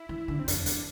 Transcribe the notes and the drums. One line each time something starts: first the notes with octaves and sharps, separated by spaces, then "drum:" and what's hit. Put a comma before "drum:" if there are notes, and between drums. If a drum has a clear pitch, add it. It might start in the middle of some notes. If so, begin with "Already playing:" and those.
Already playing: E4
E3
D3
C4
F2 D4, drum: hi-hat
E2, drum: hi-hat